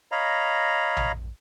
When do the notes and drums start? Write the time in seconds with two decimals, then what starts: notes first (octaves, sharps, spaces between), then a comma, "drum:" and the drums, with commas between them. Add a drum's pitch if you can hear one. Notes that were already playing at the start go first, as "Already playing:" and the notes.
0.12 C#5 D#5 F5 A#5 B5
0.97 drum: tom A#1